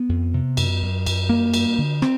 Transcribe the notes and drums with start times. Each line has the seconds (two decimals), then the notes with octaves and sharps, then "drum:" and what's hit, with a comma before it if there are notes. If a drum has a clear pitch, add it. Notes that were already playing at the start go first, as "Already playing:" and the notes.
Already playing: B3
0.09 F2
0.34 C3
0.57 F#2, drum: cymbal
0.82 F#2
1.06 F#2, drum: cymbal
1.29 G2 A#3
1.54 G2, drum: cymbal
1.78 D3
2.02 C4, drum: rim click